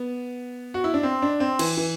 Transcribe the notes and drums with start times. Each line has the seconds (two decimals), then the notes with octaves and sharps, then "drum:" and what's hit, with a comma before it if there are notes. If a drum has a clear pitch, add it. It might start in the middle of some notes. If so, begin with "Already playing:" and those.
Already playing: B3
0.74 F#4
0.84 E4
0.94 D4
1.03 C4
1.22 D4
1.40 C4
1.59 E3, drum: cymbal
1.77 E3